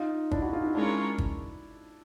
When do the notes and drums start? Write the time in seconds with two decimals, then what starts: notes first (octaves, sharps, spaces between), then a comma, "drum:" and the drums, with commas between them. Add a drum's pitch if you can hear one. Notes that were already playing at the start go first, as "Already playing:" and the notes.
Already playing: D#4 F4
0.31 D4 E4, drum: kick
0.42 E4 F#4
0.53 D#4 F4
0.64 D4 E4
0.75 G#3 C#4 D4 E4 F4 A#4 C#5
1.18 drum: kick